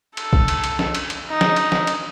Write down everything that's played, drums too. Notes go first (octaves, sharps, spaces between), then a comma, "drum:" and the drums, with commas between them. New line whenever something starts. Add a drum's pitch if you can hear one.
A4, drum: cymbal
drum: kick
drum: cymbal
drum: cymbal
drum: snare
drum: cymbal
drum: cymbal
D#4
drum: snare
drum: cymbal
drum: snare
drum: cymbal